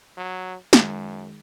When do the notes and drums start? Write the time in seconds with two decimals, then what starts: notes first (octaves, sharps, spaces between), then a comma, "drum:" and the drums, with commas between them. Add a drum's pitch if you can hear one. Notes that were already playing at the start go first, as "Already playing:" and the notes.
0.17 F#3
0.73 F#2 D#3 G#3, drum: snare